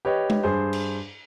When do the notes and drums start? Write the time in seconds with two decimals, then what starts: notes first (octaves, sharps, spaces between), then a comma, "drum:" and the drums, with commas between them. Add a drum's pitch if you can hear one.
0.05 G4 B4 C#5 D#5
0.30 drum: tom
0.43 G2 G#4 C5
0.73 drum: cymbal